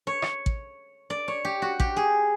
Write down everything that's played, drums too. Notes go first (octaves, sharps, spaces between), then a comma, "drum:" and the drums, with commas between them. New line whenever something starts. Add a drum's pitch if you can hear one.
C#5
drum: rim click
drum: kick
D5
C#5
G4
F#4
G4, drum: kick
G#4